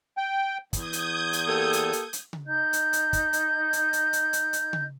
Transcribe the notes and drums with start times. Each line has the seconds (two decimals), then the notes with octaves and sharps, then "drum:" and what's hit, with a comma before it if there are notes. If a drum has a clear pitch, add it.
0.17 G5
0.73 E2 D#6 G6 G#6, drum: kick, hi-hat
0.93 drum: hi-hat
1.33 drum: hi-hat
1.46 A#3 G4 A4
1.73 drum: hi-hat
1.93 drum: hi-hat
2.13 drum: hi-hat
2.33 drum: tom C#3
2.45 D#4 D#5 G6
2.73 drum: hi-hat
2.93 drum: hi-hat
3.13 drum: kick, hi-hat
3.33 drum: hi-hat
3.73 drum: hi-hat
3.93 drum: hi-hat
4.13 drum: hi-hat
4.33 drum: hi-hat
4.53 drum: hi-hat
4.73 drum: tom C#3